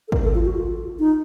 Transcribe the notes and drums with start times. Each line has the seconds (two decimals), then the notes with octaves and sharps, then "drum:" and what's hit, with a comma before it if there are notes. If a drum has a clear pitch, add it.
0.08 A4
0.12 A#4, drum: kick
0.24 A4
0.35 F4
0.45 F#4
0.56 F4
0.99 D#4